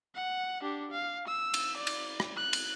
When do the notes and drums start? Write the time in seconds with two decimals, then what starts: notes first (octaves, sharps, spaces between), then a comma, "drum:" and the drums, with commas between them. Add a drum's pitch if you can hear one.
0.15 F#5
0.61 D4 G4
0.91 F5
1.28 E6
1.54 drum: cymbal
1.77 D5
1.87 drum: cymbal
2.20 drum: rim click
2.36 F#6
2.53 drum: cymbal